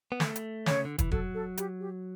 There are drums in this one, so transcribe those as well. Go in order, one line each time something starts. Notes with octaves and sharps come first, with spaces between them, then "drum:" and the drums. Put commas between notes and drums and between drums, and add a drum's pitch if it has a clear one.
B3
A3, drum: snare
drum: hi-hat
C#3 C#5, drum: snare
D3
E3, drum: kick, hi-hat
F#3 A4, drum: kick
A4
G4, drum: hi-hat
G4